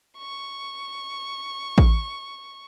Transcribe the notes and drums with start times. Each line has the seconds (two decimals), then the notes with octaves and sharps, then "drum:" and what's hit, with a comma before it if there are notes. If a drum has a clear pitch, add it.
0.18 C#6
1.78 drum: kick A1